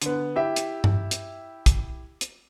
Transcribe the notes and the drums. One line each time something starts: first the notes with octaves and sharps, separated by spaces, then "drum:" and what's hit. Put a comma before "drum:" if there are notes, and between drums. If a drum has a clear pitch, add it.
D3 B3, drum: hi-hat
E4 G4 E5
drum: hi-hat
drum: tom G2
drum: hi-hat
drum: kick, hi-hat
drum: hi-hat